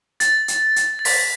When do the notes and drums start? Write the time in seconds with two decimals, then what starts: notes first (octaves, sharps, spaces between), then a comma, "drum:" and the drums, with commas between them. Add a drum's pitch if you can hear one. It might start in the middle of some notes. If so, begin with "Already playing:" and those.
0.20 A6, drum: hi-hat
0.48 drum: hi-hat
0.76 drum: hi-hat
0.99 A6
1.05 B6, drum: open hi-hat